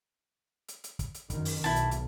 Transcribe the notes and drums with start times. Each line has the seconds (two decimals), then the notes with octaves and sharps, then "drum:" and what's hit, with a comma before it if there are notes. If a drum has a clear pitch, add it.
0.68 drum: hi-hat
0.84 drum: hi-hat
0.99 drum: kick, hi-hat
1.14 drum: hi-hat
1.30 F#2 D#3, drum: kick, hi-hat
1.45 drum: open hi-hat
1.64 B1 E4 A5
1.76 drum: hi-hat
1.91 drum: hi-hat